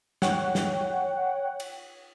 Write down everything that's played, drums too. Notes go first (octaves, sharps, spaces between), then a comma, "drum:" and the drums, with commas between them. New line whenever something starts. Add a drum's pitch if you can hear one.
C#5 F#5 G5, drum: snare
drum: snare
drum: cymbal